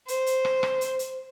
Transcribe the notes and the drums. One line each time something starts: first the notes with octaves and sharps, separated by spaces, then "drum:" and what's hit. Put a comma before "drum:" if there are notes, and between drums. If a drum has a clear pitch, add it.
C5, drum: hi-hat
drum: hi-hat
drum: rim click
drum: rim click
drum: hi-hat
drum: hi-hat